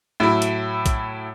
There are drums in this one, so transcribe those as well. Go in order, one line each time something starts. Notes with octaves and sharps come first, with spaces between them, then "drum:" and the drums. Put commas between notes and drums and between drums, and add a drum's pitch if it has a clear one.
A2 F#3 E4
drum: hi-hat
drum: kick A#1, hi-hat